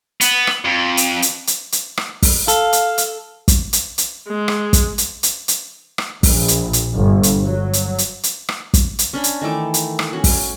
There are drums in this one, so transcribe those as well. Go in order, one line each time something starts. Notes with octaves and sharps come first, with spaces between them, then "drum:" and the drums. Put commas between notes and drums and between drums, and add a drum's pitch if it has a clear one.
B3, drum: hi-hat
drum: rim click
F2
drum: hi-hat
drum: hi-hat
drum: hi-hat
drum: hi-hat
drum: rim click
drum: kick, open hi-hat
A4 F5, drum: hi-hat
drum: hi-hat
drum: hi-hat
drum: kick, hi-hat
drum: hi-hat
drum: hi-hat
G#3
drum: rim click
drum: kick, hi-hat
drum: hi-hat
drum: hi-hat
drum: hi-hat
drum: rim click
A#1, drum: kick, open hi-hat
drum: hi-hat
drum: hi-hat
G1
drum: hi-hat
F#3
drum: hi-hat
drum: hi-hat
drum: hi-hat
drum: rim click
drum: kick, hi-hat
drum: hi-hat
C#4 D4 B5
drum: hi-hat
D#3 E3 A3 D6
drum: hi-hat
drum: rim click
C#4 F#4
drum: kick, open hi-hat